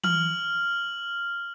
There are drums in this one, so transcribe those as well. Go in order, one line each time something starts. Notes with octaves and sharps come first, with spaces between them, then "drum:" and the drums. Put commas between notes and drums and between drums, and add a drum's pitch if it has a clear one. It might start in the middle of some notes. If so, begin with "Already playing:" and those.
F6 F#7, drum: tom E3